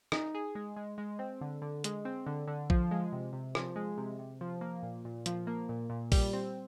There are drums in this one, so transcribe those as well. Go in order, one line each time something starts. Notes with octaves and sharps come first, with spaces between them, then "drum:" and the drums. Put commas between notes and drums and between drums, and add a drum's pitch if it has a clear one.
D#4, drum: rim click
G#4
G#3
G#3
G#3
C4
D3
D3
G#3, drum: hi-hat
C4
D3
D3
F3, drum: kick A#1
G#3
C3
C3
F3, drum: rim click
G#3
C3
C3
F3
A#3
A#2
A#2
F3, drum: hi-hat
A#3
A#2
A#2
G3, drum: kick A#1, open hi-hat
C4